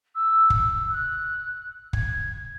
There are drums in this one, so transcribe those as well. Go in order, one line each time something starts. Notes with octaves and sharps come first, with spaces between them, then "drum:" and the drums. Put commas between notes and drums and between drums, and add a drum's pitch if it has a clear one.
E6
drum: kick
F#6
G#6, drum: kick